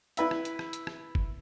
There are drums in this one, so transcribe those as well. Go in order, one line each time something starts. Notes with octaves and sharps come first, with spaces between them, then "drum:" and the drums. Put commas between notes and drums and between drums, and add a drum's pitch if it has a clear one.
E4 B4 E5, drum: hi-hat
drum: rim click
drum: hi-hat
drum: rim click
drum: hi-hat
drum: rim click
drum: kick G1